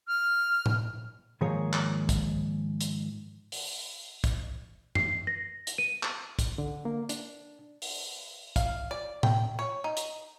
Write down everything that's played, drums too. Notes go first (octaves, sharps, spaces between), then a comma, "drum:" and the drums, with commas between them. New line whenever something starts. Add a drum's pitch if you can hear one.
F6
drum: tom A2
G#2 D#3 F3 A#3 G#4 C#5
drum: clap
drum: kick, hi-hat
drum: hi-hat
drum: open hi-hat
drum: kick, hi-hat
C7, drum: tom F#2
A#6
drum: hi-hat
D#7
drum: clap
drum: kick, hi-hat
D3
A#3
D4, drum: hi-hat
drum: open hi-hat
F5, drum: kick, hi-hat
D5
G5, drum: tom A2
C#5
D#4
drum: hi-hat